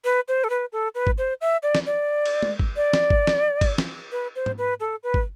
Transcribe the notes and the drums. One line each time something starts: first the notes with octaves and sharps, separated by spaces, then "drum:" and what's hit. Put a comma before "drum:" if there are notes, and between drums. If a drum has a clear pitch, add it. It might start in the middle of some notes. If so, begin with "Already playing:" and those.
B4
C5
A4
B4
A4
B4
drum: kick
C5
E5
D5
drum: snare
D5
drum: cymbal
drum: tom
drum: kick
D5
drum: snare
drum: kick
drum: snare
drum: kick, cymbal
drum: snare
B4
C5
drum: tom G#2
B4
A4
B4
drum: kick